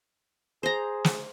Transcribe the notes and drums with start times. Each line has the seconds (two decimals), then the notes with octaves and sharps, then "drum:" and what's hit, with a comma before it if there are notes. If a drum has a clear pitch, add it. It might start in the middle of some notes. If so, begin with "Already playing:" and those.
0.63 G#4 C5 A#5
1.04 drum: snare